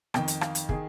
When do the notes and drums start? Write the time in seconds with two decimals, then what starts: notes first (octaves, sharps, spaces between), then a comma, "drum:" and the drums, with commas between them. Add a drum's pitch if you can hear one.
0.14 F2 D#3 G5, drum: rim click
0.28 drum: hi-hat
0.41 F5, drum: rim click
0.55 drum: hi-hat
0.69 D#3 G#4, drum: kick